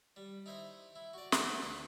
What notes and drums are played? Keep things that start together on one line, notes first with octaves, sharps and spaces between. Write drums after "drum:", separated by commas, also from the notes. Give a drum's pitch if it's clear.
G3
D#4 E4 C5 D#5
E4
F#4 D5
F3 B3, drum: snare
D2 B4